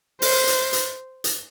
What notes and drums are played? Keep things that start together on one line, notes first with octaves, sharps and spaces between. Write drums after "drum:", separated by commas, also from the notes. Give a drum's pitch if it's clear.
C5, drum: open hi-hat
drum: hi-hat
drum: hi-hat
drum: hi-hat